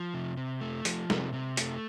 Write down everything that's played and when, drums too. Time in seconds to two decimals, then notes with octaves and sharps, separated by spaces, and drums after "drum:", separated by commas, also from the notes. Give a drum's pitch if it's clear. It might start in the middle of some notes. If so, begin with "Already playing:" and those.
Already playing: F3
0.14 C3
0.37 C3
0.61 A3
0.85 F3, drum: hi-hat
1.10 C3, drum: snare
1.33 C3
1.57 A3, drum: hi-hat